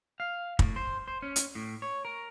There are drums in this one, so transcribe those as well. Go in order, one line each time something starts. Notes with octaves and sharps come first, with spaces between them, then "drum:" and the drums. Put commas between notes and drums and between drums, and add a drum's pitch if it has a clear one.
F5
A2, drum: kick
C5
C5
C#4
drum: hi-hat
A2
C#5
A#4